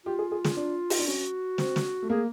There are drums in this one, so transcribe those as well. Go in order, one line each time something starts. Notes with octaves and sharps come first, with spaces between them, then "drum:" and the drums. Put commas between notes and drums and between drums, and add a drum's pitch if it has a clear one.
F4 G4
G#4
G#4
G#4, drum: snare
D4
D#4, drum: open hi-hat
D4
C#4 F#4
C4, drum: snare
drum: snare
A3
A#3 G#4